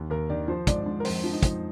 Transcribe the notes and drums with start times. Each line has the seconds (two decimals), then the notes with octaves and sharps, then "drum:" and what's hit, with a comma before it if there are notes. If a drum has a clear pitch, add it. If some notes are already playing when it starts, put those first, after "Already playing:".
Already playing: D#2 D#3
0.10 D#2 A#4
0.30 D#3 D5
0.48 F3 C5
0.67 G#2 D5, drum: kick, hi-hat
0.86 G#2
1.00 A#4
1.05 F2 C5, drum: open hi-hat
1.24 F3
1.33 D#4
1.43 F2, drum: kick, hi-hat